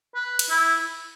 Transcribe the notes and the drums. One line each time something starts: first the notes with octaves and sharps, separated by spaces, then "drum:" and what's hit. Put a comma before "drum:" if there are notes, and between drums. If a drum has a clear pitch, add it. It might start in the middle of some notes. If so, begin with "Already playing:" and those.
B4
drum: cymbal
E4